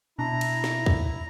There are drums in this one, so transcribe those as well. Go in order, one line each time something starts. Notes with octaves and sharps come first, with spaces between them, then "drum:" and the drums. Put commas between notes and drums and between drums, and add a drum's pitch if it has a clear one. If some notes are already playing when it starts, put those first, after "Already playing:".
B2 D4 E4 A#5
drum: cymbal
drum: snare
drum: kick